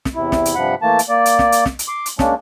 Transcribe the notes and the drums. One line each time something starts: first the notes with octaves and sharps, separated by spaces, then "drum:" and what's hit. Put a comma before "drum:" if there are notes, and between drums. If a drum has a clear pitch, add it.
drum: snare
E2 C3 E4
drum: snare
drum: hi-hat
G2 C3 F3 F#5 B5
E3 A3 A#3 A5
drum: hi-hat
A#3 D5
drum: hi-hat
drum: snare
drum: hi-hat
drum: snare
drum: hi-hat
C6 D6
drum: hi-hat
G#3 A#3 C#4 D4, drum: snare